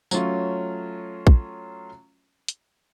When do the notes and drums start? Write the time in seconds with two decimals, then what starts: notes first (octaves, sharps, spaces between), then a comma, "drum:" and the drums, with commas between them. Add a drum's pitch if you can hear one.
0.11 F#3 A3 C#4 F4, drum: tambourine
1.27 drum: kick A#1
2.48 drum: hi-hat